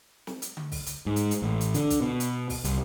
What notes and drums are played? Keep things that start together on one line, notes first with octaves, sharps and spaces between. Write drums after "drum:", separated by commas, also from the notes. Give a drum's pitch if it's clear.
drum: snare
drum: hi-hat
drum: tom D3
drum: kick, open hi-hat
drum: hi-hat
G#2
drum: hi-hat
drum: hi-hat
A1
drum: hi-hat
D3, drum: hi-hat
drum: kick, hi-hat
B2
drum: hi-hat
drum: kick, open hi-hat
C2, drum: hi-hat